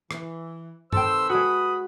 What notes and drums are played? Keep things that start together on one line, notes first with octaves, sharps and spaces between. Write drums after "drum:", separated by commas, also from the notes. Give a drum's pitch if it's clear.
E3, drum: rim click
C3 D#3 A4 B4 C5 G5 E6, drum: tom
G#3 F#4 B4 B5 D#6